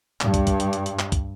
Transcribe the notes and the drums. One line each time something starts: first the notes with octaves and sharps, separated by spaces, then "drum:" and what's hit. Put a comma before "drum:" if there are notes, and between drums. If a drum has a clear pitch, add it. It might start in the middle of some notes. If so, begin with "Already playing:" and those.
G2, drum: clap
drum: kick, hi-hat
drum: kick, hi-hat
drum: hi-hat
drum: hi-hat
drum: hi-hat
drum: clap
drum: kick, hi-hat